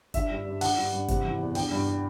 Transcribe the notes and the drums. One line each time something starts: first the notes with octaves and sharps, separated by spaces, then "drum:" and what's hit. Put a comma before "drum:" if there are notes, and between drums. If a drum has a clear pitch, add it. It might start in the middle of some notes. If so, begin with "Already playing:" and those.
D3 E5, drum: kick F#1, hi-hat
G2
G2
D3 F#5, drum: open hi-hat
G2
G2
C3, drum: kick F#1, hi-hat
E3
E2
D3 G5, drum: open hi-hat
G2